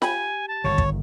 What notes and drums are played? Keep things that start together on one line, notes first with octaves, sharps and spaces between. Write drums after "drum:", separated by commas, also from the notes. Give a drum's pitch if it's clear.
G4 G#5 B5, drum: snare F4
A5
G1 D#3 C#5
drum: kick